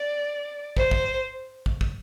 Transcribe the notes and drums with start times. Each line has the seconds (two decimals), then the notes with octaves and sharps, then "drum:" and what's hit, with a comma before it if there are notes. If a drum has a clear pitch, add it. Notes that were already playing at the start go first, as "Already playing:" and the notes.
Already playing: D5
0.77 C5, drum: kick
0.91 drum: kick
1.66 drum: kick
1.81 drum: kick